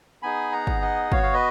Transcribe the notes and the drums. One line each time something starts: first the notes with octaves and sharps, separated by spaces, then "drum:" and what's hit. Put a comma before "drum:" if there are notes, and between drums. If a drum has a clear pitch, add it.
B3 D#4 G#4 G#5 B5
F#5 A#5
drum: kick
D#5 F#5
B3 F#4 C#5 F5, drum: kick
F5
B4 D#5